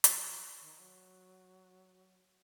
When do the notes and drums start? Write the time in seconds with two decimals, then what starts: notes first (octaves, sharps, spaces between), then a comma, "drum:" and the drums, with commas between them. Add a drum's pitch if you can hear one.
0.04 F#3, drum: hi-hat
0.23 F3
0.61 D#3
0.79 F#3